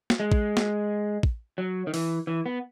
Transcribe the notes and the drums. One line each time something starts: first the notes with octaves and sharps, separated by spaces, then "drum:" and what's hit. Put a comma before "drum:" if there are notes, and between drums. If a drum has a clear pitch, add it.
drum: snare
G#3
drum: kick
drum: snare
drum: kick
F#3
D#3
E3, drum: open hi-hat
E3
B3